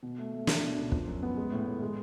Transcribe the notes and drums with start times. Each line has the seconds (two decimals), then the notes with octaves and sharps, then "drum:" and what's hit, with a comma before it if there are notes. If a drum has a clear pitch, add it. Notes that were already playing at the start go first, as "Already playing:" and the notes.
0.03 B2
0.18 A3
0.33 A3
0.47 D4, drum: snare
0.63 B2
0.77 C#2
0.92 F3, drum: kick
1.07 F#2
1.23 B3
1.37 G#3
1.52 A2
1.67 A2
1.82 G#3